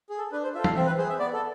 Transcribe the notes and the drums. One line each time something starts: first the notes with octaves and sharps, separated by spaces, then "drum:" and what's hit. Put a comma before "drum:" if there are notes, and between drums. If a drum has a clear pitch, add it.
G#4
A4
D4 B4
C5
F4 A4 E5
F5, drum: tom
C4 E5
B4
G#4 C5
E5
B3 D5
A4